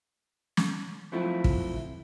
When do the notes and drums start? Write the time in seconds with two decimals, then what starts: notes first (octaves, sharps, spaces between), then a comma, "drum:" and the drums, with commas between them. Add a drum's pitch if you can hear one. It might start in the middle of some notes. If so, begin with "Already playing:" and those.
0.57 drum: snare
1.12 F3 F#3 A3 C4 E4 F4
1.44 drum: kick